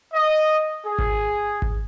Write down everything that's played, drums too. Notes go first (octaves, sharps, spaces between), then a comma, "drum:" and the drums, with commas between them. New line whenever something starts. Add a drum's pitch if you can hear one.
D#5
G#4
drum: kick G#1
drum: kick G#1